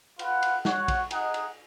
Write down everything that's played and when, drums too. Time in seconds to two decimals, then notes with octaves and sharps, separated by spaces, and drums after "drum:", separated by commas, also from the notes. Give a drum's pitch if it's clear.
0.19 F4 B4 F#5, drum: cymbal
0.42 drum: cymbal
0.65 F#4 C#5 F#5, drum: snare
0.88 drum: kick A#1, cymbal
1.11 D#4 G#4 D#5 F#5, drum: cymbal
1.34 drum: cymbal